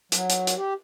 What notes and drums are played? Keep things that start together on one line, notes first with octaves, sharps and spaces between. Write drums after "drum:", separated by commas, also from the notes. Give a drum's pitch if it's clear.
F#3, drum: hi-hat
drum: hi-hat
drum: hi-hat
G4